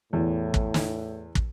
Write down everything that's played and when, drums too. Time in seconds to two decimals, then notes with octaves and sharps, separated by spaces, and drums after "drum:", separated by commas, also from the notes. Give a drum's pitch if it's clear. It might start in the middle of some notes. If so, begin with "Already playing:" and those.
0.13 E2 A2
0.54 drum: kick
0.74 drum: snare
1.35 drum: kick